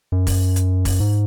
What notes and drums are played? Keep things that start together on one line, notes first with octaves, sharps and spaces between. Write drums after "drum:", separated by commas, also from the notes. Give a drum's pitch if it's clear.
F#2
drum: kick, open hi-hat
drum: hi-hat
drum: kick, open hi-hat
G#2